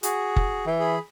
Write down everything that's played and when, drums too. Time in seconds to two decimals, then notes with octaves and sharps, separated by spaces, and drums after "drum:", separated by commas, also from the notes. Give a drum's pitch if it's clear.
0.03 F#4 G#4, drum: hi-hat
0.36 drum: kick F#1
0.67 E3
0.79 G#4 B5